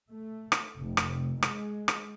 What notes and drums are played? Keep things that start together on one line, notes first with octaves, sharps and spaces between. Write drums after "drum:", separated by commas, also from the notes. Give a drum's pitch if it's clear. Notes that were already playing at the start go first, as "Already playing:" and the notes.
A3
drum: rim click
F1
drum: rim click
G#3, drum: rim click
drum: rim click